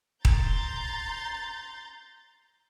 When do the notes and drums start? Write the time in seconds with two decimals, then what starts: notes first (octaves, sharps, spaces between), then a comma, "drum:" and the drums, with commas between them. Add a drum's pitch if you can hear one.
0.25 A#5 C6 G6 A6, drum: kick D#1